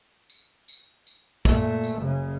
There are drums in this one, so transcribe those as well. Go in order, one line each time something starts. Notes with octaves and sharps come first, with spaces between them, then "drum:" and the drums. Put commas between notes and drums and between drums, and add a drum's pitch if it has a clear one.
drum: tambourine
drum: tambourine
drum: tambourine
A#2 A3, drum: kick, tambourine
drum: tambourine
F#1 C#3